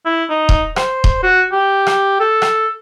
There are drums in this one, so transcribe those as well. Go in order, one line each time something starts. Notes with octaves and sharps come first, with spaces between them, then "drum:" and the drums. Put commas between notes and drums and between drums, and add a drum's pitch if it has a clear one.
E4
D#4
drum: kick D#1
C5, drum: rim click
drum: kick D#1
F#4
G4
drum: rim click
A4
drum: rim click